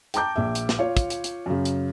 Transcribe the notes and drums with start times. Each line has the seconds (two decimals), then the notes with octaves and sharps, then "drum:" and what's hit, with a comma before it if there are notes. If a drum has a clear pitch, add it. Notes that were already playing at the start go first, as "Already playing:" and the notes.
0.14 G5 A5 A#5 D6 G6, drum: hi-hat
0.36 A#1 E5
0.55 drum: hi-hat
0.69 drum: snare
0.79 F4 C#5
0.97 drum: kick, hi-hat
1.10 drum: hi-hat
1.24 drum: hi-hat
1.46 F#2 C#3
1.65 drum: hi-hat